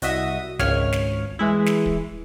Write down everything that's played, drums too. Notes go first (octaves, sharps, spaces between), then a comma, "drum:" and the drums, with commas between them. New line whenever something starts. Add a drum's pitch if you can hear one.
C2 F#4 D#5 E5 D#6, drum: hi-hat
G#1 C#2 C#5 F6, drum: snare
drum: snare
E3 G#3 E4
drum: snare
drum: kick